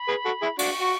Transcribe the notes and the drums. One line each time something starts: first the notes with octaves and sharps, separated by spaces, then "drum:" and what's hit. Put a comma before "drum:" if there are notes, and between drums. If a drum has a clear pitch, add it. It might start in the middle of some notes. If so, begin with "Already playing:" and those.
Already playing: B5
G#4 B4
F#4 A4
E4 G#4
D4 F#4 C#6, drum: cymbal
F#4